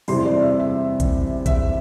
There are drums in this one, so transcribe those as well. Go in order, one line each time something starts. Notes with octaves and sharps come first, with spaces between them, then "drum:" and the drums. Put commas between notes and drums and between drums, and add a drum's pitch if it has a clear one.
E2 C3 G3 C6, drum: open hi-hat
D5
E5
E5
drum: kick A#1, hi-hat
E5, drum: kick A#1, hi-hat